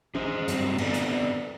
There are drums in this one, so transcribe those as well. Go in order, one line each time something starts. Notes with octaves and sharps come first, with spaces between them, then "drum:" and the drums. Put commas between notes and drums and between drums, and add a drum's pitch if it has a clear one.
G#4 C5, drum: tom
G2 F#3 C4, drum: hi-hat
B3 C4 D4 A4 B4 D5, drum: cymbal
drum: hi-hat